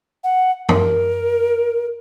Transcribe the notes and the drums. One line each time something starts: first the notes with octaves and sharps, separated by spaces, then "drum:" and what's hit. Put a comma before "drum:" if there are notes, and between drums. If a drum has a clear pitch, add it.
F#5
A#4, drum: tom F#2